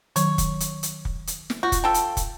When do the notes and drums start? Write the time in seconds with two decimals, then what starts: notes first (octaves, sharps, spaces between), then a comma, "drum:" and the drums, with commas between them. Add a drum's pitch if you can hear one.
0.16 D#3 F#3 C#5, drum: hi-hat
0.38 drum: kick, hi-hat
0.60 drum: hi-hat
0.83 drum: hi-hat
1.05 drum: kick
1.27 drum: hi-hat
1.50 drum: snare
1.63 F4 F#4 G6
1.72 drum: kick, hi-hat
1.84 F3 A4 G5
1.94 drum: hi-hat
2.17 drum: kick, hi-hat